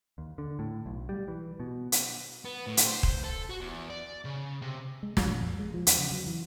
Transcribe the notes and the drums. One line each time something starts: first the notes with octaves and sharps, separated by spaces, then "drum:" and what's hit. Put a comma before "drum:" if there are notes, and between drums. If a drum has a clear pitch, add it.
D#2
D3
A2
B1
G3
E3
B2
drum: hi-hat
B3
A2
drum: hi-hat
C5
drum: kick D#1
A4
F#4
E2
D5
C#3
C3
G#3
F3, drum: snare
A#2
F2
G#3
F3
E2, drum: hi-hat
C#3
F#3
E3